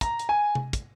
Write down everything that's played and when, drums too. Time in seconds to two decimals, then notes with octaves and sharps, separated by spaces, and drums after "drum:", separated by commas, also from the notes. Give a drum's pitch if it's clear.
0.01 A#5, drum: kick, hi-hat
0.19 drum: hi-hat
0.29 G#5
0.55 drum: tom C3
0.73 drum: kick, hi-hat